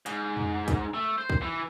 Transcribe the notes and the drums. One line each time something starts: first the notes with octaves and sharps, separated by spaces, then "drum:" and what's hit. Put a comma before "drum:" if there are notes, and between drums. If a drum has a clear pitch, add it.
G#2, drum: hi-hat
drum: tom F2
drum: kick, hi-hat
A3
C5
drum: kick
E3